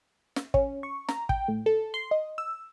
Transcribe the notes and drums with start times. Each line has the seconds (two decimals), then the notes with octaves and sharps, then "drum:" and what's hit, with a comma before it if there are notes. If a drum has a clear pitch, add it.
0.36 drum: snare
0.54 C#4, drum: kick
0.83 C#6
1.09 A#5, drum: snare
1.29 G5, drum: kick
1.48 A2
1.66 A4
1.94 C6
2.11 D#5
2.38 E6